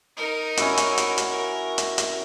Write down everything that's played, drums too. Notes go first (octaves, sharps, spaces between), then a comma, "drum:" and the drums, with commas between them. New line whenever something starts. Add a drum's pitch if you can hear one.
D#4 A#4
C#4 E4 F#4, drum: hi-hat
drum: hi-hat
drum: hi-hat
drum: hi-hat
A#4
drum: hi-hat
drum: hi-hat